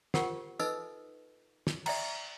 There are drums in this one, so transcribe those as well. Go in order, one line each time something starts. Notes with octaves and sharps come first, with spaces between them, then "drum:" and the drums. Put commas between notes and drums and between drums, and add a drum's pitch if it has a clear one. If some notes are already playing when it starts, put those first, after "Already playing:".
F4 G4 A#4 C5 F#5, drum: snare
D#4 A4 B4 D#5 E6, drum: tambourine
drum: snare
D5 E5 G5 A#5, drum: cymbal